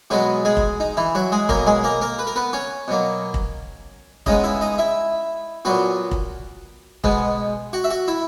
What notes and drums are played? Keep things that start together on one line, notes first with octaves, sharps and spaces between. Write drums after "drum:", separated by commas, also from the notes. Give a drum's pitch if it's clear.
B2 F#3 G#3 B3 F#4
G#3 G#4
drum: kick
D#4
E3 E4
F#3 F#4
G#3 G#4
B2 F#3 A#3 A#4, drum: kick
G#3 G#4
A#3 A#4
A#3 A#4
B4
A#4
B3 B4
C#4 C#5
B2 F#3 A#3
drum: kick
C#3 G#3 B3 D#4 D#5, drum: kick
E4 E5
D#4 D#5
E4 E5
A#2 F#3 B3 F#4 F#5
drum: kick
B2 G#3 B3, drum: kick
F#4 F#5
E5
F#4 F#5
E4 E5